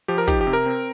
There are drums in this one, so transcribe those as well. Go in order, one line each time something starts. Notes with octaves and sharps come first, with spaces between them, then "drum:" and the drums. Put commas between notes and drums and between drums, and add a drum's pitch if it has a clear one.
F3 G4
A#4
D#4 G4, drum: kick
G4
C3
A#4
C4